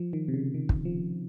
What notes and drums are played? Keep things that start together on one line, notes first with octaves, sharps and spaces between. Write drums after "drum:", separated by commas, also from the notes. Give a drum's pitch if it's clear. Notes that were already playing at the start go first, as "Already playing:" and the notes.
Already playing: F3
D#3
C3
C#3
D#3
drum: kick
F3